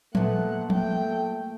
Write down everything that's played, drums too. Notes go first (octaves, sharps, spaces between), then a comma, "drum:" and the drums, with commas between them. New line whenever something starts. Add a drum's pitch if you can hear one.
A#2 A3 B3 F#5, drum: tom F3
A3 G5, drum: tom F3